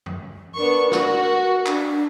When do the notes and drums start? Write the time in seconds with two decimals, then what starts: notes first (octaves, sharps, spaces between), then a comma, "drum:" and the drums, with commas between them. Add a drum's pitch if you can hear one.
0.06 drum: tom F#2
0.56 B3 D4 A#4 C#6
0.92 F#4, drum: snare
1.66 D4, drum: clap